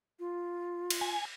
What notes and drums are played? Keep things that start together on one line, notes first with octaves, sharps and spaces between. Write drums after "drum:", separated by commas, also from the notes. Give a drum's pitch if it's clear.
F4
drum: cymbal
G#5